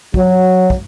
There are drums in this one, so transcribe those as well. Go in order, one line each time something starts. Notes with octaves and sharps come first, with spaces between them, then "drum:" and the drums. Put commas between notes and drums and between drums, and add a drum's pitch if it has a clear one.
F#3, drum: kick
drum: kick